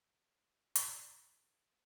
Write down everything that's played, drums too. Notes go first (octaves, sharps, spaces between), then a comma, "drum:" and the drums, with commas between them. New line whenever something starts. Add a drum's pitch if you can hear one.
F#2 B2 D3 E4
drum: hi-hat